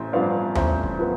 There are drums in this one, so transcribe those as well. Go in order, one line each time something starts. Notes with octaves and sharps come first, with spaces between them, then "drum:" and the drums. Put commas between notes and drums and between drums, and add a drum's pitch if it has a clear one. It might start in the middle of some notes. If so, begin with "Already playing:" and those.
Already playing: A1 C5 E5
G2 F3 B3 D5 F5
A1 C5 E5, drum: tom D#2
drum: kick
F3 B3